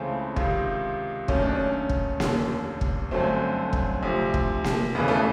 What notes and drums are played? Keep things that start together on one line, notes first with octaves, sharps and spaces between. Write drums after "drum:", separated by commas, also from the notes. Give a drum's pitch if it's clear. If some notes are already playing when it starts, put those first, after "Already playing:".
Already playing: C#2 C#3 E3 A3 C4
C#2 C3 D#3, drum: kick
D#2 D#3 F#3 A3 C#4, drum: kick
D4
C#4
drum: kick
F1 D#2 D3, drum: snare A#3
drum: kick
G1 F#2 D3 F#3 A3 C4
drum: kick
D2 C3 F3
drum: kick
drum: snare A#3
E1 D#2 C#3 E3 B3
A3